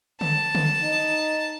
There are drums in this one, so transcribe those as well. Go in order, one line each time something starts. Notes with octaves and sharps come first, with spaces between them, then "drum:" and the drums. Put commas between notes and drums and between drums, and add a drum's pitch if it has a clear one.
A5, drum: tom D3
drum: tom D3
D#4